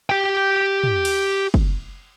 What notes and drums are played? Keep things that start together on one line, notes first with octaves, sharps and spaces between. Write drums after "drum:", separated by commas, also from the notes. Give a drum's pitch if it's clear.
G4 G5
drum: tom
drum: cymbal
drum: kick